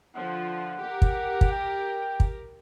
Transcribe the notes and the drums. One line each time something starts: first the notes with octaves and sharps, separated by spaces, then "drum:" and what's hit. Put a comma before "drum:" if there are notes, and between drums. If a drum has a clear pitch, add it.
D3 F3 F#5
G4 A#4
drum: kick
drum: kick
G5
drum: kick